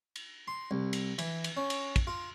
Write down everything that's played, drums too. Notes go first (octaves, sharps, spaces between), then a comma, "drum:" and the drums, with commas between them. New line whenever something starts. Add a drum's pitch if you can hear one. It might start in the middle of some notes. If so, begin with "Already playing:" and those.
drum: cymbal
C6
C2
drum: cymbal
E3, drum: cymbal
drum: cymbal
C#4
drum: cymbal
drum: kick, cymbal
F4